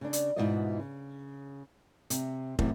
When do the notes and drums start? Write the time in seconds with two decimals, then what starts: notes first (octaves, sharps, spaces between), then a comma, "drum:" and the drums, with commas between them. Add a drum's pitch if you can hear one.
0.01 C#3 D4
0.13 drum: hi-hat
0.36 E2 G#2 B2 E3 F4 D#5
0.79 C#3
2.10 C3, drum: hi-hat
2.59 F#2 A2 C3 E3, drum: kick